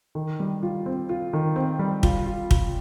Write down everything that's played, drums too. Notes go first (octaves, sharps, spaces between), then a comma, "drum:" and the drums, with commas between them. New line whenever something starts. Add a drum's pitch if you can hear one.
D#3
G3
F4
C4
F4
D#3
C4
G3
F4, drum: kick
F4
F4, drum: kick